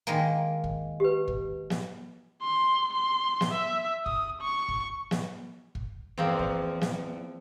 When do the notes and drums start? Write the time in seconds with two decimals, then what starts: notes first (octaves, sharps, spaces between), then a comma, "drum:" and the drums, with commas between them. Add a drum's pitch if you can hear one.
0.07 D#3 G#3 A#3
0.64 drum: kick
1.00 G4 B4
1.28 drum: kick
1.70 drum: snare
2.43 C6
2.93 C6
3.41 drum: snare
3.52 E5
4.06 D#6, drum: kick
4.42 C#6
4.68 drum: kick
5.11 drum: snare
5.75 drum: kick
6.18 E2 F3 A#3 C4
6.39 drum: kick
6.81 drum: snare